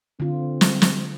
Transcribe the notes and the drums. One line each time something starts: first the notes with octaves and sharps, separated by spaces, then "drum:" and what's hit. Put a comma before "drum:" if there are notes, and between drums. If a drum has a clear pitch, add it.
D3 C4 F4
drum: snare
drum: snare